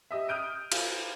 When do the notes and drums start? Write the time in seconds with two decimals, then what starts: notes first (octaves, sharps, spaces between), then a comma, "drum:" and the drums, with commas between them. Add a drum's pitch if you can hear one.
0.11 G4 D#5 E5
0.28 D#6 F6 G6 D7 D#7
0.72 F4, drum: cymbal